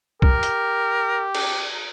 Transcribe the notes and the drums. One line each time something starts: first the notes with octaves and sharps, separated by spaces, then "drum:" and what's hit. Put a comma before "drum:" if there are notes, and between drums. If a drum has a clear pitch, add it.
G4 A#4, drum: kick
drum: hi-hat
drum: cymbal